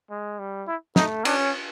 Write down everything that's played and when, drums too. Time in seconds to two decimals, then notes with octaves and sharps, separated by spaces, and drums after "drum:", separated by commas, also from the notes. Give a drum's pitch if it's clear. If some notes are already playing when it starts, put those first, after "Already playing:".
0.10 G#3
0.39 G3
0.67 E4
0.96 A3 D#4, drum: snare
1.25 C#4 D4, drum: cymbal